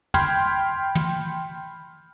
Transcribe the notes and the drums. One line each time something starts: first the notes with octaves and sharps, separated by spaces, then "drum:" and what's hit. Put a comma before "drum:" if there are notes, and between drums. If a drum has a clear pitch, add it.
G5 B5 C6 F6 G6 G#6, drum: tom
drum: tom